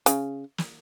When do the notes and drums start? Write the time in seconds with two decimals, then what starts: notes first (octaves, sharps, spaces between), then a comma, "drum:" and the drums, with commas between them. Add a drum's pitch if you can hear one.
0.06 C#3, drum: hi-hat
0.58 drum: snare